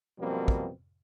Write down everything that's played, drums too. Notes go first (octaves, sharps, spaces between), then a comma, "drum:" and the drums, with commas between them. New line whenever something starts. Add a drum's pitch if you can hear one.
F#2 B2 F3 G3 A#3 C4
drum: kick